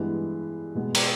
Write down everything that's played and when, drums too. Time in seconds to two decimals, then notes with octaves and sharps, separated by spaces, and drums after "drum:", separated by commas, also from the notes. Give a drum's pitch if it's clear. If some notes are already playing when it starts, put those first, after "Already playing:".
Already playing: G2 E3 G#3 B3 E4
0.75 B2 G#3 B3
0.95 drum: cymbal